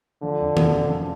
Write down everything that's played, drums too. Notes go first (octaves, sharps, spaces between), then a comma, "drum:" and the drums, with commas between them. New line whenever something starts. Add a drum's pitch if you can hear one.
D3 F3
F2
F1, drum: tom D#3
C#3
F3